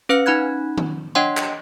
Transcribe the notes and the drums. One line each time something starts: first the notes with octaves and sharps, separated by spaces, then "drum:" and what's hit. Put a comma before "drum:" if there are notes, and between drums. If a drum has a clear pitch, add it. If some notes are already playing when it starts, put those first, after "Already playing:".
C#4 B4 F5 F6 C#7
C#4 D#4 F#5 B5 F#6 G#6
drum: tom D#3
D4 C#5 D#5 F#5 G5 C6
drum: clap